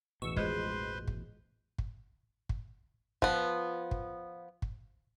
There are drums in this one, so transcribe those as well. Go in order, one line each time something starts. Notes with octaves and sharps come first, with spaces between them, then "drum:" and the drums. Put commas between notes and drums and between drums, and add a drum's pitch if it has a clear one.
A1 E2 B2 C#6 E6
F3 G#3 B4 C5 C6, drum: kick
drum: kick
drum: kick
drum: kick
F3 B3, drum: kick
drum: kick
drum: kick